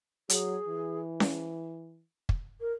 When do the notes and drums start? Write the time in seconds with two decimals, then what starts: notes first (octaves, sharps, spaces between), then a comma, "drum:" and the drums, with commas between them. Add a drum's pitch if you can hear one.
0.29 F#3 G#4, drum: hi-hat
0.68 E3
1.20 drum: snare C#4
2.29 drum: kick
2.60 A#4